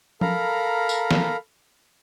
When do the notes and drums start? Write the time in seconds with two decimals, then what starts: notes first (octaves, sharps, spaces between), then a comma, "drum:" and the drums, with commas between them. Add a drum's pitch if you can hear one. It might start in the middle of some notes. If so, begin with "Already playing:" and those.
0.21 A4 A#4 F5 A#5 B5, drum: tom F3
0.89 drum: tambourine
1.11 drum: snare